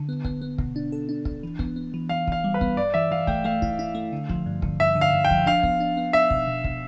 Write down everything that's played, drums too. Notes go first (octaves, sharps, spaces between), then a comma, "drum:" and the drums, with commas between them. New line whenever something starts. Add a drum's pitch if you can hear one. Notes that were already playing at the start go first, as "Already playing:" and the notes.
Already playing: D3
B3
B3, drum: kick
B3
B2, drum: kick
D4
A4
D4
D4, drum: kick
E3
B3, drum: kick
B3
E3
E3 F5
E3 F5, drum: kick
G3
B4
B3, drum: kick
G2 D5
E3 E5
E3 F5
A3 G5, drum: kick
A3 F5
E4, drum: kick
E4
A3
D3
F3, drum: kick
G2
D3, drum: kick
G2 E5
D3
F5
G2
G5
F3, drum: kick
D4 F5
B3, drum: kick
D4
B3
D4 E5
B2, drum: kick
B2
B2, drum: kick